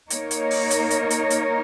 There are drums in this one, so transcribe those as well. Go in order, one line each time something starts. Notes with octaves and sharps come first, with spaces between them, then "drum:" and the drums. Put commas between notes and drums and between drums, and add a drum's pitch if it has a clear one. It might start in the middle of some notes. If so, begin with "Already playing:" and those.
A#3 D#4 A#4 C#5, drum: hi-hat
drum: hi-hat
drum: open hi-hat
drum: hi-hat
drum: hi-hat
drum: hi-hat
drum: hi-hat